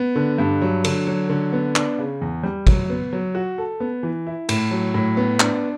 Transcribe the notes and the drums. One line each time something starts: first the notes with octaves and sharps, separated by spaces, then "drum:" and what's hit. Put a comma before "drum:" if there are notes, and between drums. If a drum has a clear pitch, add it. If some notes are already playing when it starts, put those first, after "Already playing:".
Already playing: B3
D3
G2
F#3
D3, drum: cymbal
F#3
D3
B3
D4, drum: clap
C#3
E2
G3
F#3, drum: kick, cymbal
B3
F#3
F#4
A4
B3
E3
E4
A2, drum: cymbal
F#3
A2
B3
D4, drum: clap